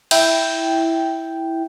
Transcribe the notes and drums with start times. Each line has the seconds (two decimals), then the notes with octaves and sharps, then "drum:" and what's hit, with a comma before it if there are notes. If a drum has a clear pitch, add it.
0.11 E4 G5, drum: cymbal